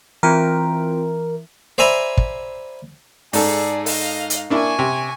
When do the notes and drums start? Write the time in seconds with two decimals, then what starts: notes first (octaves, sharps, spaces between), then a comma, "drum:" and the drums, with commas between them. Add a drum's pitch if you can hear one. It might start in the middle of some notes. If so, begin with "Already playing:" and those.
0.23 E3 C4 F4 A#4 G5
1.78 C5 D5 E5 G#5 A#5 B5
2.17 drum: kick
3.33 G#2 G#4 A4 D5, drum: open hi-hat
3.86 D#5 F5, drum: open hi-hat
4.30 drum: hi-hat
4.50 A#3 D4 E4 G#5 C#6
4.79 C3